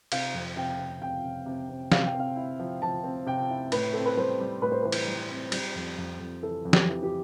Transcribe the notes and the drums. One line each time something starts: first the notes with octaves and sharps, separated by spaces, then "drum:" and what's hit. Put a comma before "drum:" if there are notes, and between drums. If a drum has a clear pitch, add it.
C3 F5, drum: cymbal
F2
C3 G5
C3
C3 G5
C3
C3
C3
C3 F5, drum: snare
G5
C4
F5
E4
F3
F3 A5
C4
C3 G5
E4
A2 B4, drum: cymbal
C4 A4
B4
G3 C5
G3
A2 B4
C5
E3 B4
drum: cymbal
G3
C4
G3, drum: cymbal
F2
F2
F2
E3 A4
F2
G4, drum: snare
E3
G4